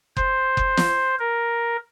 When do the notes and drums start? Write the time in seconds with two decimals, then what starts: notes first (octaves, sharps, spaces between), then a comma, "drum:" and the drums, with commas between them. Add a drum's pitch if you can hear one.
0.17 C5, drum: kick F#1
0.57 drum: kick F#1
0.77 drum: snare
1.19 A#4